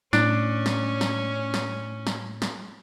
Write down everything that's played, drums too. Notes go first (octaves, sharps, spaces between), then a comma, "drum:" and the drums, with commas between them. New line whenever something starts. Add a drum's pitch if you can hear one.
A2 C#4 D4, drum: snare
drum: snare
drum: snare
drum: snare
drum: snare
drum: snare